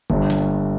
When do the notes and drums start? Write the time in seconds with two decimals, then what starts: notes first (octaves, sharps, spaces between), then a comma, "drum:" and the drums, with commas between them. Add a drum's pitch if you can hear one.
0.10 G1 G2 G3, drum: kick
0.30 drum: snare